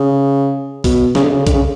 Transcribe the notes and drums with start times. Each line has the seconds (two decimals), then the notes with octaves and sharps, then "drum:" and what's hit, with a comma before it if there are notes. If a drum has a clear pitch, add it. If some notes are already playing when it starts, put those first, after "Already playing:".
Already playing: C#3
0.84 B2, drum: kick B1, open hi-hat
1.15 C#3, drum: snare
1.24 D3
1.31 C#3
1.47 D3, drum: kick B1, hi-hat
1.54 C#3